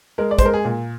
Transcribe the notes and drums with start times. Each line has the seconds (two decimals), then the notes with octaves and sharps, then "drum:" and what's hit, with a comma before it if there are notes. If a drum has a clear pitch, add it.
0.18 G#3 A#4
0.31 D5
0.39 C5, drum: kick, hi-hat
0.41 G#3 A#4
0.54 G#4
0.65 A#2